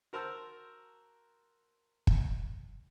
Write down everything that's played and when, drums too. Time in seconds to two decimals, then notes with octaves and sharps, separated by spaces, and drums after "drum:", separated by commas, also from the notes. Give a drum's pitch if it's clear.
0.13 F#4 A#4 C5 A5 E6
2.07 drum: kick